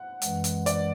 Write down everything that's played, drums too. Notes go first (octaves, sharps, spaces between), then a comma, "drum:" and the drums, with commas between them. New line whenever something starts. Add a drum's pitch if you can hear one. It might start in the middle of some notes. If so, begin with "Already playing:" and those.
Already playing: F#5
F#2 E3 G#3, drum: hi-hat
drum: hi-hat
D5, drum: hi-hat